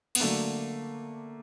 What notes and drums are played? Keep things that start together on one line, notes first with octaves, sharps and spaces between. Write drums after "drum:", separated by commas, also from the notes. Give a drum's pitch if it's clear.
B3, drum: cymbal
D3 F#3 A3 A#3 D4